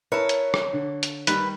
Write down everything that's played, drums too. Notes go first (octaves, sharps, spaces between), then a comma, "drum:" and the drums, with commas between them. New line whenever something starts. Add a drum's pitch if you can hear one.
E4 A#4 B4 C#5 A5
drum: hi-hat
drum: rim click
D3
drum: hi-hat
D#3 G3 B4, drum: hi-hat